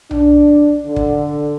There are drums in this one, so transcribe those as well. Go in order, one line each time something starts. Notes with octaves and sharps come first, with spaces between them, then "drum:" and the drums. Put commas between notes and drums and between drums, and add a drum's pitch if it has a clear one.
D4, drum: tom B1
D3
drum: kick